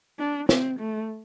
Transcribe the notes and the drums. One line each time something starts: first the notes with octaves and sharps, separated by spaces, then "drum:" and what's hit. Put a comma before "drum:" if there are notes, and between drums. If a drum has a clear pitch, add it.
D4
C4, drum: snare
A3